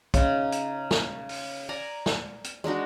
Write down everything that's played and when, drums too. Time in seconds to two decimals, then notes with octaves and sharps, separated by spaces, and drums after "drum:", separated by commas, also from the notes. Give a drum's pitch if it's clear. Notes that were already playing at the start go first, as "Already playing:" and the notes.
0.14 C#3 D#4, drum: kick, hi-hat
0.52 drum: hi-hat
0.91 drum: snare
1.29 drum: open hi-hat
1.69 D5 G#5 A#5
2.06 drum: snare
2.44 drum: hi-hat
2.64 G#3 D4 D#4 F#4